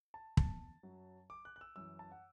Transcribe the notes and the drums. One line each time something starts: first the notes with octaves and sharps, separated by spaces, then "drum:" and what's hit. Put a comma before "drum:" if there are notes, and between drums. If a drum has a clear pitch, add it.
A5
A5, drum: kick
F#2 F#3
D6
F#6
F#6
E6
F#2 E3 E6
A5
F#5